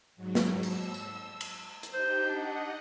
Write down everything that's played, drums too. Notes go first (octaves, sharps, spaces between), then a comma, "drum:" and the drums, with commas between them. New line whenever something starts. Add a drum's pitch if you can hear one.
G#2 F#3
drum: snare
E6, drum: cymbal
drum: tambourine
drum: cymbal
drum: hi-hat
D#4 G4 C5 G6
D4 D#5 F#5